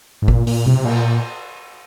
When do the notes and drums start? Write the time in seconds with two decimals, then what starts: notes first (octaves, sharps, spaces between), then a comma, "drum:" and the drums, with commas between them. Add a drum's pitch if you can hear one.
0.22 G#2
0.28 A#2, drum: kick G#1
0.47 A#2, drum: open hi-hat
0.66 C3, drum: tom B2
0.85 A#2, drum: cymbal